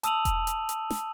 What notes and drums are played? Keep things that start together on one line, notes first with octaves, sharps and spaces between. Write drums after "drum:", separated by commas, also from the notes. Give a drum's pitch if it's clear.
A5 D#6 E6 D#7 F7 F#7, drum: hi-hat
drum: kick E1, hi-hat
drum: hi-hat
drum: hi-hat
drum: snare